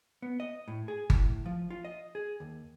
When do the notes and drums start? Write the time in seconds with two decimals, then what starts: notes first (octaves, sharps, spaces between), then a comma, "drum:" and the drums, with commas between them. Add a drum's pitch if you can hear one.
0.22 B3
0.40 D#5
0.68 A2
0.88 G#4
1.10 A2, drum: kick G1
1.46 F3
1.70 F4
1.85 D#5
2.15 G#4
2.40 D#2